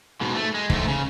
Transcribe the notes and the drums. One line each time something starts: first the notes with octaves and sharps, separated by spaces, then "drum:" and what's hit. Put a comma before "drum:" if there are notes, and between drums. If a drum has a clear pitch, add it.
G#2 B2
A3
G#3
G#2 A3, drum: kick
C#3